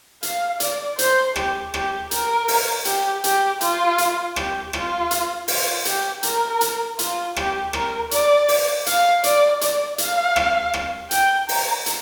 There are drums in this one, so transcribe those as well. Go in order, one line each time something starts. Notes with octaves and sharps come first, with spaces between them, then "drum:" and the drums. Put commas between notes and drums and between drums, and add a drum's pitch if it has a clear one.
F5, drum: hi-hat
D5, drum: hi-hat
C5, drum: hi-hat
G4, drum: rim click
G4, drum: rim click
A#4, drum: hi-hat
drum: open hi-hat
G4, drum: hi-hat
G4, drum: hi-hat
F4, drum: hi-hat
drum: hi-hat
G4, drum: rim click
F4, drum: rim click
drum: hi-hat
F4, drum: open hi-hat
G4, drum: hi-hat
A#4, drum: hi-hat
drum: hi-hat
F4, drum: hi-hat
G4, drum: rim click
A#4, drum: rim click
D5, drum: hi-hat
drum: open hi-hat
F5, drum: hi-hat
D5, drum: hi-hat
D5, drum: hi-hat
F5, drum: hi-hat
drum: rim click
drum: rim click
G5, drum: hi-hat
A#5, drum: open hi-hat
drum: hi-hat